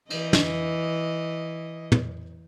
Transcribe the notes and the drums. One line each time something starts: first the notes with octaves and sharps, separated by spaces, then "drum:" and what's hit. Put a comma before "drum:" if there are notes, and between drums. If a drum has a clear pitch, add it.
E3 D#5, drum: cymbal
drum: snare
drum: tom